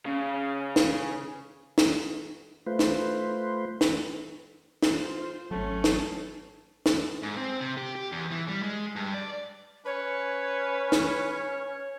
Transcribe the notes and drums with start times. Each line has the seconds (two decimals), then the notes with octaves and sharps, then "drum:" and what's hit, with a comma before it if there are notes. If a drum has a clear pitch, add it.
0.06 C#3
0.76 drum: snare
1.78 drum: snare
2.66 A3 F4 B4 C5
2.79 drum: snare
3.81 drum: snare
4.82 drum: snare
4.93 F4 C5
5.51 G#1 F#3 A3 C#4
5.84 drum: snare
6.86 drum: snare
7.23 G#2
7.37 C4
7.61 C3
7.77 G4
7.95 G4
8.12 E2
8.31 E3
8.49 G3
8.63 G#3
8.96 G2
9.14 D5
9.86 C#4 B4 C#5
10.92 drum: snare